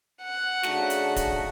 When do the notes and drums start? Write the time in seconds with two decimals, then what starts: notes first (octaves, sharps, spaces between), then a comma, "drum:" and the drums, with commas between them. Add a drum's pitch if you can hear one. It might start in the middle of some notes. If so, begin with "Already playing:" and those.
0.22 F#5
0.63 C#3 A3 D4 D#4 F#4, drum: snare
0.90 drum: hi-hat
1.16 drum: kick D1, hi-hat